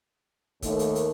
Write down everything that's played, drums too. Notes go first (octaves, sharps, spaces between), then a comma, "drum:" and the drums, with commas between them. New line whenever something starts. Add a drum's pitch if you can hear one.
D#2 D#3 A3, drum: kick, hi-hat
drum: hi-hat
drum: hi-hat